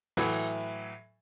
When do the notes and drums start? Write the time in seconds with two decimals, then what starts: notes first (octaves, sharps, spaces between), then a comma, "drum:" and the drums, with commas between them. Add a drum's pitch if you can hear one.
0.17 A2 E3 F#3, drum: open hi-hat